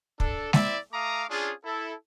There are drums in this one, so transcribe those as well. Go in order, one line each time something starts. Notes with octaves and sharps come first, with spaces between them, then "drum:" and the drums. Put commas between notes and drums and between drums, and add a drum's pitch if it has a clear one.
D4 A4, drum: kick
C4 E4 D5 E5, drum: snare G#3
A3 F5 A#5 D6 D#6
C#4 D4 F4 G#4
E4 A4